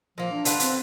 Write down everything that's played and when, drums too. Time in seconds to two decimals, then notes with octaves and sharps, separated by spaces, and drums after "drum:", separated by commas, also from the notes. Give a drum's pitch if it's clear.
0.18 A#2 F3 A#3
0.31 D4
0.45 D3 F4 B4, drum: hi-hat
0.60 C4, drum: hi-hat